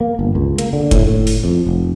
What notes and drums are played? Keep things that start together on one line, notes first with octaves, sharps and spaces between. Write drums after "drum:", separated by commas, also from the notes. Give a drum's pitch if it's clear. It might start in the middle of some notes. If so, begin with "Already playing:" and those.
A#3
G1
C#2
A#3, drum: hi-hat
D3
A2, drum: kick F1, hi-hat
A2
drum: open hi-hat
F2
F1